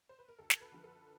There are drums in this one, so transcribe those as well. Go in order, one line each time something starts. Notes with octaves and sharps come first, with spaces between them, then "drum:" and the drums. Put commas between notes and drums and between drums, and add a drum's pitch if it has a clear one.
C5
B4
A#4
D2 A4
drum: snare
B4
D3 F3
A4